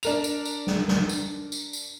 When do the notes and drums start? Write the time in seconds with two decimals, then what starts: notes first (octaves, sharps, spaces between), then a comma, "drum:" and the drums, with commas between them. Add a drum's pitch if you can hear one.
0.03 D4 A#4 F7, drum: tambourine
0.24 drum: tambourine
0.45 drum: tambourine
0.67 drum: snare
0.88 drum: snare
1.09 drum: tambourine
1.52 drum: tambourine
1.73 drum: tambourine